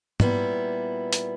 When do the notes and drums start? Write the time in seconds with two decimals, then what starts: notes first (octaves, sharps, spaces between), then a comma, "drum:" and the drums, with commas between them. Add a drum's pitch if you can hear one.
0.20 A#2 G3 B3 E4, drum: tom G#2
1.13 drum: hi-hat